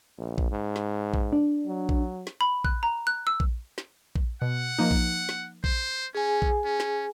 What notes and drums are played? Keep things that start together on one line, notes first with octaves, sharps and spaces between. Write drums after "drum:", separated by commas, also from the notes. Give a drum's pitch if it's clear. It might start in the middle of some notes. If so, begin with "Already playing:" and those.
A#1
drum: kick A#1
G#2
drum: snare
drum: kick A#1
D4
F#3
drum: kick A#1
drum: snare
B5
F#6, drum: kick A#1
A#5
F#6
E6
drum: kick A#1
drum: snare
drum: kick A#1
B2 F#5
F3 A#3 D#4
drum: kick A#1
drum: snare
C5, drum: kick A#1
C#4 G#4 G#5
drum: kick A#1
C#4
drum: snare